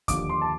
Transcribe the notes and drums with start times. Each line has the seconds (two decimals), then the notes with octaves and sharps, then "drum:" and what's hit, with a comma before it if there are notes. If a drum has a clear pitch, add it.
0.08 D#2 D3 F3 D6, drum: kick D2, hi-hat
0.30 C6
0.42 A5